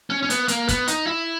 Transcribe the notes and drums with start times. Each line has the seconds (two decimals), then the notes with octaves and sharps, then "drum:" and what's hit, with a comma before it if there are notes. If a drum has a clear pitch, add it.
0.10 C#4
0.23 C#4
0.30 B3, drum: hi-hat
0.48 A#3, drum: hi-hat
0.68 B3, drum: kick, hi-hat
0.88 D#4, drum: hi-hat
1.07 E4